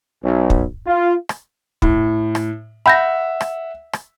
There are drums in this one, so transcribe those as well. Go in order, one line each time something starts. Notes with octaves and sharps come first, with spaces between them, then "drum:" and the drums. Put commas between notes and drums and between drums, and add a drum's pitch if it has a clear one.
B1
drum: kick
F4
drum: rim click
A2, drum: kick
drum: rim click
E5 F#5 B5 G6 A#6
drum: rim click
drum: rim click